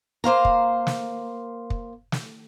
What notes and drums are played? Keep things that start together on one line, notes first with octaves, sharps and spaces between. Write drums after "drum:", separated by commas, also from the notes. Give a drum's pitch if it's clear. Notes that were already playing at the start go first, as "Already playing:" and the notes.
A#3 C5 F5 A#5
drum: kick
drum: snare
drum: kick
drum: snare